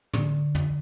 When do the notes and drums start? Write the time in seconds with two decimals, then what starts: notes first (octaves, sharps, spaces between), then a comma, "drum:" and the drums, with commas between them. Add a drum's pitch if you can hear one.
0.14 D3, drum: tom
0.55 drum: tom